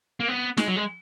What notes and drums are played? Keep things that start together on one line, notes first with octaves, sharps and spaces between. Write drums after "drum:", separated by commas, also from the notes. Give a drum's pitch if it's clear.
A#3
B3
G#3, drum: snare
F#3
G#3